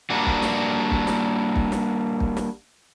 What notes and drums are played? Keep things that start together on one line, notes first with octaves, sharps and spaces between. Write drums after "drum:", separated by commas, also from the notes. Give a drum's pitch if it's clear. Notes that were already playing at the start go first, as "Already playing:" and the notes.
G3 A#3 D4 F#4
drum: kick
drum: snare
drum: kick
drum: snare
drum: kick
drum: snare
drum: kick
drum: snare